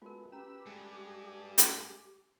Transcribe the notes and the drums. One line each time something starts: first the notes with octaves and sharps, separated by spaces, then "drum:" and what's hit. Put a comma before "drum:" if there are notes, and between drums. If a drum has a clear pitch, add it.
G#3 A3 B3 F4 F#4 A#4
C#4 G4 B4 A#5 E6
G2 G#3 A3 G#4
drum: hi-hat